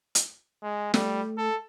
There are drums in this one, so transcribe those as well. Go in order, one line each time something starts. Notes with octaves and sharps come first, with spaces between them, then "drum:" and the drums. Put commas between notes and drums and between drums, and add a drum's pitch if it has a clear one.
drum: hi-hat
G#3
G3 A3, drum: snare
A4